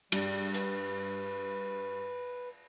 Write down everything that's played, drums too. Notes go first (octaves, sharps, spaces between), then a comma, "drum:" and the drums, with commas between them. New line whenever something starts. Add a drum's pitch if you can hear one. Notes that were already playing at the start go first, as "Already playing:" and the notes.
G2 G3, drum: cymbal
B4, drum: hi-hat